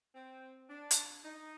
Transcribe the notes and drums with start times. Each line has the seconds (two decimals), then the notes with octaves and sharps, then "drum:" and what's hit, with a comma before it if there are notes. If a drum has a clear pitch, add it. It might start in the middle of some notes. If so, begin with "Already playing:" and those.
0.15 C4
0.69 D4
0.91 drum: hi-hat
1.24 D#4